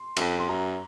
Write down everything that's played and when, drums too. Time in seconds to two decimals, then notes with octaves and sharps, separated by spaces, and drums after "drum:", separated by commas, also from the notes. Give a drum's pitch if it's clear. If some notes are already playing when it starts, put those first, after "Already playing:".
Already playing: C6
0.17 F#2, drum: cymbal
0.20 F2
0.39 C6
0.49 F#2 A#5